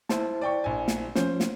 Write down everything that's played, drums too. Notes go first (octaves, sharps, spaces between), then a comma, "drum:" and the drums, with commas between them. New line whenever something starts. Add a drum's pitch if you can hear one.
E4 C5 A5, drum: snare
D5 G5 C#6
A#1 G#5
drum: snare
F3 C#4 C5, drum: snare
drum: snare